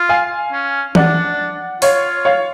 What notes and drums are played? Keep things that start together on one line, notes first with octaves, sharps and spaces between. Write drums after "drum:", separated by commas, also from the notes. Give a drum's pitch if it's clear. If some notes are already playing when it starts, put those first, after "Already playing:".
Already playing: F4
F5 G#5
C#4
D4 D5 F#5, drum: tom E3
F4 C#5 F5, drum: open hi-hat
C#5 F5